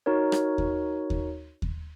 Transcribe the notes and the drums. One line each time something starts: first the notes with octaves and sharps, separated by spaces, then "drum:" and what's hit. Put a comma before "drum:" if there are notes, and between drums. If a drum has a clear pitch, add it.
D#4 F#4 A#4 C#5
drum: rim click
drum: kick D#2
drum: kick D#2
drum: kick D#2